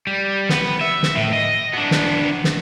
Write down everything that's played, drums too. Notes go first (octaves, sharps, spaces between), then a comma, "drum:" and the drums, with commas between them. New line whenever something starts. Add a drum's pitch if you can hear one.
G3
B3 B4, drum: snare
E5
drum: snare
A2
D#5
B3 D4
drum: snare
drum: snare